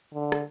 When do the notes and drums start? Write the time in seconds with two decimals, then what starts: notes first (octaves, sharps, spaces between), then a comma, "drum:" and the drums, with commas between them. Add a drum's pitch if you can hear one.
0.14 D3
0.32 drum: rim click